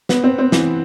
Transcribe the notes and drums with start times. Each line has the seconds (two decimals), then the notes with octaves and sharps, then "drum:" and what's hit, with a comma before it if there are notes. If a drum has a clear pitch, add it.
0.09 B3, drum: snare
0.24 C4
0.38 C4
0.52 E3, drum: snare